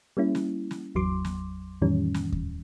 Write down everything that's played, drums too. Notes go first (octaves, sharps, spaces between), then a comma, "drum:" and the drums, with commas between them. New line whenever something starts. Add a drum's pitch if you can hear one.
G3 A#3 C#4 E4
drum: snare
drum: snare
G#1 E2 F#3 C6 D6
drum: snare
F2 A2 D#3 E3 G3 C#4
drum: snare
drum: kick D#2